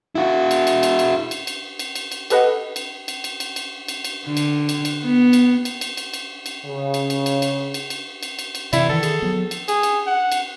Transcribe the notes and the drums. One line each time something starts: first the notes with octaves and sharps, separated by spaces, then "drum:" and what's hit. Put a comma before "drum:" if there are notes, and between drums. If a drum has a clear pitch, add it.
E4 F#4
drum: cymbal
drum: cymbal
drum: cymbal
drum: cymbal
drum: cymbal
drum: cymbal
drum: cymbal
drum: cymbal
drum: cymbal
G4 A4 B4 D#5 F#5, drum: cymbal
drum: cymbal
drum: cymbal
drum: cymbal
drum: cymbal
drum: cymbal
drum: cymbal
drum: cymbal
D3
drum: cymbal
drum: cymbal
drum: cymbal
B3
drum: cymbal
drum: cymbal
drum: cymbal
drum: cymbal
drum: cymbal
drum: cymbal
C#3
drum: cymbal
drum: cymbal
drum: cymbal
drum: cymbal
drum: cymbal
drum: cymbal
drum: cymbal
drum: cymbal
drum: cymbal
C3 E3 E4 D5, drum: cymbal
D#3 A4
G#4, drum: cymbal
F3 F#3 B3
drum: cymbal
G#4, drum: cymbal
drum: cymbal
F#5
drum: cymbal